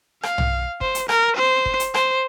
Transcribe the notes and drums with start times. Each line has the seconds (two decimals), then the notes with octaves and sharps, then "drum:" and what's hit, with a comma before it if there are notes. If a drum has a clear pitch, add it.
0.23 F5, drum: rim click
0.38 drum: tom
0.81 C5, drum: kick
0.95 drum: hi-hat
1.09 A#4, drum: rim click
1.37 C5
1.66 drum: kick
1.80 drum: hi-hat
1.94 C5, drum: rim click